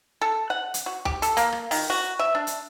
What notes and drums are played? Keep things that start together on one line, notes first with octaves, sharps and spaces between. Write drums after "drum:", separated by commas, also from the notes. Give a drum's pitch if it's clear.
A4
F#5
drum: hi-hat
F#4
G4, drum: kick
A4, drum: hi-hat
A#3, drum: hi-hat
drum: rim click
D#3, drum: open hi-hat
F#4
E5
D4
drum: hi-hat